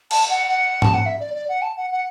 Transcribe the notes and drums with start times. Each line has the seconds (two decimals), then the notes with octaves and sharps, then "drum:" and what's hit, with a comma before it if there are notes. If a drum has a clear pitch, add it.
0.11 A5, drum: cymbal
0.30 F#5
0.48 F#5
0.82 A5, drum: tom G#2
0.94 F#5
1.06 E5
1.20 D5
1.35 D5
1.49 F#5
1.62 A5
1.77 F#5
1.92 F#5